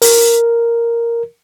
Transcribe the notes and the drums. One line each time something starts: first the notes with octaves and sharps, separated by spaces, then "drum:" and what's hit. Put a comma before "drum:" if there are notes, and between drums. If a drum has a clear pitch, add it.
A#4, drum: open hi-hat